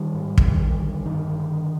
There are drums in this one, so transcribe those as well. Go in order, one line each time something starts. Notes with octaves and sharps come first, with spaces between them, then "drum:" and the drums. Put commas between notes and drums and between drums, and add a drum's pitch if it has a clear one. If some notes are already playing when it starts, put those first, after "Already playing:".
Already playing: D#3 G3
G#2
D3, drum: kick
D3
D3
G2 D#3
D3
G2